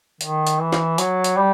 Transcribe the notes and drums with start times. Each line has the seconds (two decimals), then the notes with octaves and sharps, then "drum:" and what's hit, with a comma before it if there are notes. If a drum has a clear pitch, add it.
0.21 D#3, drum: hi-hat
0.47 drum: hi-hat
0.59 E3
0.73 drum: snare
0.98 F#3, drum: hi-hat
1.24 drum: hi-hat
1.37 G3